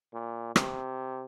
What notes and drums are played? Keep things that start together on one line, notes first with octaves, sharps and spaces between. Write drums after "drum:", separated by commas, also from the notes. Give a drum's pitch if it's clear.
A#2
C3, drum: rim click